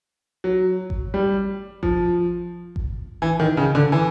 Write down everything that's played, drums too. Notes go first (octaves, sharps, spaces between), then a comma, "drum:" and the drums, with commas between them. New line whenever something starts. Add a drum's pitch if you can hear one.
F#3
drum: kick G#1
G3
F3, drum: kick G#1
drum: kick G#1
E3
D#3
C#3
D3
E3